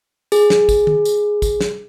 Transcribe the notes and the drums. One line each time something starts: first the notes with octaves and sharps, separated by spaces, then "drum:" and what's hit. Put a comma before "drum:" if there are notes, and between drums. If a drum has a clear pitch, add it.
G#4, drum: tambourine
drum: snare
drum: kick A1, tambourine
drum: tom D#3
drum: tambourine
drum: kick A1, tambourine
drum: snare